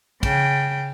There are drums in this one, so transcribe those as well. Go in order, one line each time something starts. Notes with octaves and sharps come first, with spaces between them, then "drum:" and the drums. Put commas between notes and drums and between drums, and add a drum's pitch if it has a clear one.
C#3 G5, drum: kick, cymbal